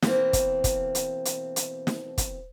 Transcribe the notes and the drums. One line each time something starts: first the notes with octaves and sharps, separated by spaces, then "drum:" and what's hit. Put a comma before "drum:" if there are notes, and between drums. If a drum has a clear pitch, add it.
B2 E3 A#3 C4, drum: snare
drum: kick, hi-hat
drum: kick, hi-hat
drum: hi-hat
drum: hi-hat
drum: hi-hat
drum: snare
drum: kick, hi-hat